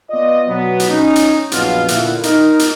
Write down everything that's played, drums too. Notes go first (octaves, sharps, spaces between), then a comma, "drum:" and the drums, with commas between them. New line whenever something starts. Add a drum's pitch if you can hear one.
B3 F4 D5 D#5
B2 F#3 B3
drum: hi-hat
C#4 D#4
drum: hi-hat
A#1 F#2 B2 B3 F4 F5, drum: hi-hat
A#2 D3 E4 F4 F#5, drum: hi-hat
D#4 A#4, drum: hi-hat
drum: hi-hat